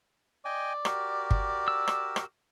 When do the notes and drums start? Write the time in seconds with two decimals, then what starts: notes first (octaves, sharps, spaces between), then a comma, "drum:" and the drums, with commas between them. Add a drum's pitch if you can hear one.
0.45 D5 D#5 G5 G#5
0.85 F#4 G4 A#4, drum: rim click
1.31 drum: kick
1.68 E6
1.88 drum: rim click
2.16 drum: rim click